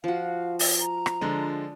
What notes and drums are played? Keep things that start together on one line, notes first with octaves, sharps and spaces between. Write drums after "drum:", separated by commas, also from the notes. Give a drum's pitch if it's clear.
F3 F#4 F5
drum: open hi-hat
A#5
drum: rim click
D3 F3 G#3 D4 D#5